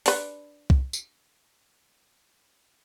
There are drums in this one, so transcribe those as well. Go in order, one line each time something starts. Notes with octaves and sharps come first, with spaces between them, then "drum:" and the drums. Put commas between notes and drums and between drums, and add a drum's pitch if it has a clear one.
D4 B4, drum: open hi-hat
drum: kick C2
drum: tambourine